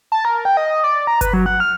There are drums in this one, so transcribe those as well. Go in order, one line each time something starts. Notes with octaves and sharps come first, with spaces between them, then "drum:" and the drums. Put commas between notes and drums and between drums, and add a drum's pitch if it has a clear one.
A5
A#4
G5
D#5
D5
A#5
B4, drum: kick G1, hi-hat
F#3
F#5
F6